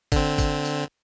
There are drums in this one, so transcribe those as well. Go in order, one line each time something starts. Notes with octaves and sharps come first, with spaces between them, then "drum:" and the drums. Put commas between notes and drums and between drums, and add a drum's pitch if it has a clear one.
D3 C4, drum: kick, tambourine
drum: kick, tambourine
drum: tambourine